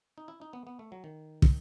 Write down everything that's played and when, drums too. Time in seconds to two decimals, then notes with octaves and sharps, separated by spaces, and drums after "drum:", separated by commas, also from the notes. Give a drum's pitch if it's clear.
0.18 D#4
0.28 E4
0.42 D#4
0.53 B3
0.67 B3
0.79 A3
0.92 F#3
1.04 D#3
1.42 drum: kick